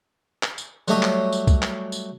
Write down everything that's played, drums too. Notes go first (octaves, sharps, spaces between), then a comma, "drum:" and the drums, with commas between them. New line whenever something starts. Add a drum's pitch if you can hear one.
drum: clap
drum: tambourine
F#3 G3 A3 C#5 D#5 E5, drum: tambourine
drum: clap
drum: tambourine
drum: kick C2, tambourine
drum: clap
drum: tambourine